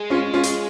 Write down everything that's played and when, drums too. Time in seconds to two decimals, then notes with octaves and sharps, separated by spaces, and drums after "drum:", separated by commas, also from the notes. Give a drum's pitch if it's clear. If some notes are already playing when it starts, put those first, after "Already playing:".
Already playing: G#3
0.10 C#4 F4
0.33 C#4 F4
0.43 drum: hi-hat